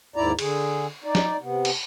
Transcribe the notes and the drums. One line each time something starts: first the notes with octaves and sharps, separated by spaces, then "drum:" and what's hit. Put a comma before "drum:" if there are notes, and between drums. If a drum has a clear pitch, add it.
D#2 G#2 E4 D5 A#5
D3 G#4, drum: cymbal
D#4 D5
drum: snare
C3 B3
drum: cymbal